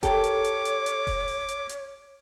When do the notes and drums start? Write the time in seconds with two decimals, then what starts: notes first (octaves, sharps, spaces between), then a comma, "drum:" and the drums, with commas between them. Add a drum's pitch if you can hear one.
0.03 G4 A4 A#4 C#5 D6, drum: kick F1, hi-hat
0.24 drum: hi-hat
0.44 drum: hi-hat
0.65 drum: hi-hat
0.86 drum: hi-hat
1.07 drum: kick F1, open hi-hat
1.28 drum: open hi-hat
1.49 drum: hi-hat
1.69 drum: hi-hat